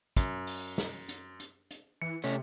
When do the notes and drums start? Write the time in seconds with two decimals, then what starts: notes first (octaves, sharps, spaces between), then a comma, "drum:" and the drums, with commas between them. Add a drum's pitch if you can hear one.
0.17 F#2, drum: kick, hi-hat
0.47 drum: open hi-hat
0.78 drum: snare
1.09 drum: hi-hat
1.40 drum: hi-hat
1.71 drum: hi-hat
2.02 E3 C#7
2.24 C3 A3 C#4